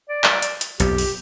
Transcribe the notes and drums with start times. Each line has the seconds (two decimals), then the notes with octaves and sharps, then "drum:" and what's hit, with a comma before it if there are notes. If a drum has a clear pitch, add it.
0.09 D5
0.24 drum: clap
0.42 drum: hi-hat
0.61 drum: hi-hat
0.80 B1 F2 G4, drum: hi-hat
0.98 drum: open hi-hat